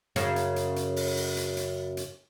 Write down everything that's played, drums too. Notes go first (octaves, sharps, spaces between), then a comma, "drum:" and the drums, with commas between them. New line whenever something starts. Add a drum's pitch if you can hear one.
F#2 C#3, drum: hi-hat
drum: hi-hat
drum: hi-hat
drum: hi-hat
drum: open hi-hat
drum: open hi-hat
drum: hi-hat
drum: hi-hat
drum: hi-hat